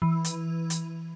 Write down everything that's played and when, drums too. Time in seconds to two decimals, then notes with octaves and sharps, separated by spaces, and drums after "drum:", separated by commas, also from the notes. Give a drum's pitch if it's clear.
0.02 E3
0.25 drum: hi-hat
0.70 drum: hi-hat